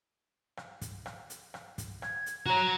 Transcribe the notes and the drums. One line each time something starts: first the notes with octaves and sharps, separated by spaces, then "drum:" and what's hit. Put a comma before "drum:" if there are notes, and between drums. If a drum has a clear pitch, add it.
drum: rim click
drum: kick, hi-hat
drum: rim click
drum: hi-hat
drum: rim click
drum: kick, hi-hat
G#6, drum: rim click
drum: hi-hat
F#4 C#5 A#5